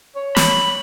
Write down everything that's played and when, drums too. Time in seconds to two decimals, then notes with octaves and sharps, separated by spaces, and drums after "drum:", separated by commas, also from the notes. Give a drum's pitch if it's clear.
0.16 C#5
0.36 B5, drum: snare